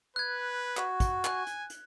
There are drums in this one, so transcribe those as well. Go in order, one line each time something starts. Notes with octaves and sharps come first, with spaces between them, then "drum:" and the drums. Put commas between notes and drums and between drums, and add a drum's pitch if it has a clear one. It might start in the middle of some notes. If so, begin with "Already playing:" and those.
B4 F#6 G#6
F#4, drum: clap
drum: kick, hi-hat
G#5 F#6, drum: clap
drum: hi-hat
drum: hi-hat